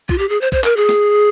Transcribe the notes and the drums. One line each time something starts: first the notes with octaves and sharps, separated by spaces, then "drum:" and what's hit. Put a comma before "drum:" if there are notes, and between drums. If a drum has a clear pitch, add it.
F4, drum: kick
G4
G#4
C5
C5, drum: kick
A#4, drum: clap
G#4
drum: snare